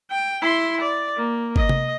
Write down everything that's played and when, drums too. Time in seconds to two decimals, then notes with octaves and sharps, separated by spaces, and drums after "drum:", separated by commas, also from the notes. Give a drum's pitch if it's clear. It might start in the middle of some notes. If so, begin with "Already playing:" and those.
0.11 G5
0.42 E4 C6
0.81 D5
1.17 A#3
1.56 D#5, drum: kick G1
1.69 drum: tom C3